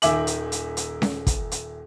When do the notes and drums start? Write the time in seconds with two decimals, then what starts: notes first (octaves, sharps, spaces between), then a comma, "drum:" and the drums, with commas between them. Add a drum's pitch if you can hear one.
0.02 D#1 D#3 E5 G#5 D6 F#7, drum: hi-hat
0.27 drum: hi-hat
0.52 drum: hi-hat
0.77 drum: hi-hat
1.02 drum: snare C#4
1.27 drum: kick, hi-hat
1.52 drum: hi-hat